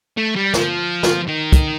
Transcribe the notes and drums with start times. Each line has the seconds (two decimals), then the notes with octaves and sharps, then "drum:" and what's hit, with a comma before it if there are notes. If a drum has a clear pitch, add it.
0.17 A3
0.35 G3
0.54 F3, drum: snare
1.03 drum: snare
1.28 D#3
1.52 drum: kick, hi-hat